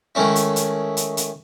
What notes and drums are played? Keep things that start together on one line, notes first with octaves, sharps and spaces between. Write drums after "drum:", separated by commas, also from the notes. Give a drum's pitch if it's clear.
D#3 G#3 A3 C#4 E4
drum: hi-hat
drum: hi-hat
drum: hi-hat
drum: hi-hat